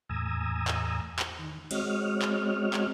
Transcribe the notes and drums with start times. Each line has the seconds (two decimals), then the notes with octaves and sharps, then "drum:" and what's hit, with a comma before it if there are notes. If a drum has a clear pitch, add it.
0.09 E2 A2 G#5 A#5 D#6 E6
0.68 drum: clap
1.19 drum: clap
1.39 D#3
1.71 G#3 C4 F#4 C#5 D#5 F6, drum: cymbal
2.22 drum: clap
2.74 drum: clap